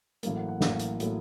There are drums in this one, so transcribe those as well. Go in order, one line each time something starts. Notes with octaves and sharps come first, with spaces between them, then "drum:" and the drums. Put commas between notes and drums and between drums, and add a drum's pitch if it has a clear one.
A1 A2 F#3 A#3 F5, drum: hi-hat
F#5
F#5
A1 A2 F#3 A#3 F5, drum: snare
drum: hi-hat
A2 F#3 A#3, drum: hi-hat